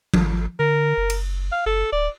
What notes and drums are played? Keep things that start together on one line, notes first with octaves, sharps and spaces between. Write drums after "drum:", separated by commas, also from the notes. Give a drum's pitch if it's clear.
G#1, drum: tom F3
D3 A#4
F#1
drum: cymbal
F5
F#1 A4
D1 D5